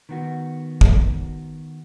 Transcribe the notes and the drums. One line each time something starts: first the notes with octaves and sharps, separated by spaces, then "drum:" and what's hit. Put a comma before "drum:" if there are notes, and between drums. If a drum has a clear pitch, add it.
D#3 B3 F#4
drum: kick